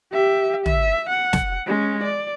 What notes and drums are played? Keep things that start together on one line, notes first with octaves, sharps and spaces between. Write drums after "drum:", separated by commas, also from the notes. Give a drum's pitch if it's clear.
G4 E5
E5, drum: tom
F#5
drum: snare
G#3 C#4
D5